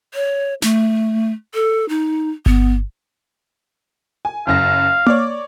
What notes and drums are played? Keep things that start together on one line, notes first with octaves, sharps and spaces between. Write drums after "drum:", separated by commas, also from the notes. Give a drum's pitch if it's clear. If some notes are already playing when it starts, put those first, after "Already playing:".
C#5
A3, drum: snare
A4
D#4
B3, drum: kick G1
G#5
F#1 F#2 F5 A#6
C#5 D5 D6, drum: tom A#3